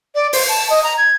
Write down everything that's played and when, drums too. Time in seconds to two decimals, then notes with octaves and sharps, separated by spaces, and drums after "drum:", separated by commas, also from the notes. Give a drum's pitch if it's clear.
0.15 D5
0.33 C5, drum: open hi-hat
0.49 A5
0.70 D#5
0.84 A#5
0.98 G#6